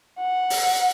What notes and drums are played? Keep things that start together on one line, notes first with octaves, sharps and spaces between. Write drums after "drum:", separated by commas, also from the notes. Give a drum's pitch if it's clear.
F#5
drum: open hi-hat